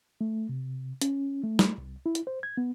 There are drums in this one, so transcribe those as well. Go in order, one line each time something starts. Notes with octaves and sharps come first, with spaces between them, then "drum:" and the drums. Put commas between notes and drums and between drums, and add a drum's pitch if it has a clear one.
A3
C3
C#4, drum: hi-hat
A3
drum: snare
C2
E4
drum: hi-hat
C5
G#6
B3